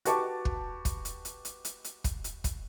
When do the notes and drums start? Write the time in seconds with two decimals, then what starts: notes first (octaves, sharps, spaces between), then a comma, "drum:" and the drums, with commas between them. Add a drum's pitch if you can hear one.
0.05 F#4 G4 B4 A5 C#6 D6, drum: hi-hat
0.45 drum: kick
0.85 drum: kick, hi-hat
1.05 drum: hi-hat
1.25 drum: hi-hat
1.45 drum: hi-hat
1.65 drum: hi-hat
1.84 drum: hi-hat
2.04 drum: kick, hi-hat
2.24 drum: hi-hat
2.44 drum: kick, hi-hat